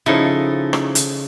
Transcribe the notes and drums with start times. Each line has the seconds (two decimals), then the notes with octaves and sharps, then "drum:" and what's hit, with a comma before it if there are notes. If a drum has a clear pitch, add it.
0.06 C#3 F3 D#4 E4 A4
0.73 drum: rim click
0.95 drum: hi-hat